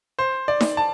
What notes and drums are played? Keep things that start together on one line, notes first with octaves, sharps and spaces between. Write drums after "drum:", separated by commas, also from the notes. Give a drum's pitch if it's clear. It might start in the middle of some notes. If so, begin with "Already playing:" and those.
C5
D5
drum: snare D#4
A5